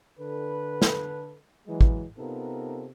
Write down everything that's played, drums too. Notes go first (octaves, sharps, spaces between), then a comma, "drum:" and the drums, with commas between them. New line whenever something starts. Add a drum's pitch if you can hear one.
D3 A4 B4
drum: snare
E3 F#3 G#3
drum: kick
C3 B3 D#4 F4 A4 A#4